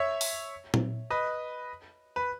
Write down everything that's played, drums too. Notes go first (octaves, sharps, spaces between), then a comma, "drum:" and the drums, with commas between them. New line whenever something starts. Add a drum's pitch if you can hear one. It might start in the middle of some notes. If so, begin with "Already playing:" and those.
Already playing: C#5 E5
drum: open hi-hat
drum: tom
B4 D#5
B4